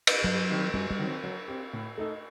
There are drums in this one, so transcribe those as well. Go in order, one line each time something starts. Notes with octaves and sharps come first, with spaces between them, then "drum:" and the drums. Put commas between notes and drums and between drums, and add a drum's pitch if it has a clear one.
drum: cymbal
G2 F#3
D#3 G3 C4 D#4
F#2 G3
G3
D#3 F#3 C4
F#3
C4 G4
A2
A3 D#4 A4 D#5